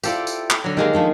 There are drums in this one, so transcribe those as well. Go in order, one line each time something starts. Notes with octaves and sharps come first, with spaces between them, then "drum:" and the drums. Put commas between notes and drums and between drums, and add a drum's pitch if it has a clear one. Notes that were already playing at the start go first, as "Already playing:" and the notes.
E4 F4 G4 A4 C5 D5, drum: tambourine
drum: tambourine
drum: clap
D3 F#3
D#3 G#3 A#3 D4 G4 G#4
F3 A3 D4